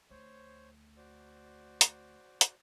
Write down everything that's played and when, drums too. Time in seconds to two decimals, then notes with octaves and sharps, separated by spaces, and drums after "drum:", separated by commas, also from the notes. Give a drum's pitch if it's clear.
0.10 D2 C5 C#5
0.97 F#4 C5 D5
1.81 drum: hi-hat
2.41 drum: hi-hat